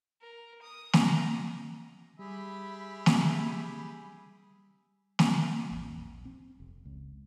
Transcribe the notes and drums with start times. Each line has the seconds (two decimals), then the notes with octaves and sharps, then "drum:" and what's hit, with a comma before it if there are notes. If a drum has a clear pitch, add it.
0.22 A#4
0.62 D#6
0.93 drum: snare
1.03 A#5
2.19 G3 G4 G#4 E5 B5
3.06 drum: snare
5.19 drum: snare
5.71 G#1 E2
5.97 A#1
6.25 C4
6.60 F1
6.85 C#2